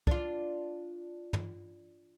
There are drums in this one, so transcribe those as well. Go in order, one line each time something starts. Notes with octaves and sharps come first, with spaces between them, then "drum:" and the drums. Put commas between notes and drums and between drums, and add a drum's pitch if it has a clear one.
D4 F4, drum: kick
drum: tom